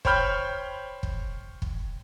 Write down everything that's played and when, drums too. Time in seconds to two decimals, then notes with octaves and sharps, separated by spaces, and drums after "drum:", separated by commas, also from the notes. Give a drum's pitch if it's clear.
0.05 C5 C#5 G5 B5 F6 G6, drum: kick
1.03 drum: kick
1.62 drum: kick